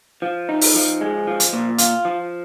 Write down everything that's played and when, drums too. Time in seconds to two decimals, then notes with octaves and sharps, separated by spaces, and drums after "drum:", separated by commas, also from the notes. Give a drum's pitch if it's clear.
0.22 F3
0.49 D#4
0.61 drum: open hi-hat
0.75 F3
1.01 G#3
1.27 F3
1.40 drum: hi-hat
1.53 A#2
1.78 F4, drum: hi-hat
2.05 F3